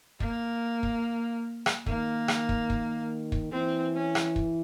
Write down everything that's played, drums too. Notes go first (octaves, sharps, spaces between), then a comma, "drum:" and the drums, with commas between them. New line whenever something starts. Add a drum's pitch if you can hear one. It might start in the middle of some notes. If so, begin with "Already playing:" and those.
A#3, drum: kick
drum: kick
drum: rim click
D#3 A#3, drum: kick
drum: rim click
drum: kick
drum: kick
drum: kick
E3 C4
C#4
drum: rim click
drum: kick